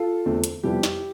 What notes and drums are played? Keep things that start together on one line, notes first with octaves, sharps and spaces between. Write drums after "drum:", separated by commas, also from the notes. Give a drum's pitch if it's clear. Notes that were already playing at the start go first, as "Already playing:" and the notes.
Already playing: F4 A4
E2 D3 A3 C4
drum: hi-hat
F2 C3 G3 B3 E4 G4
drum: snare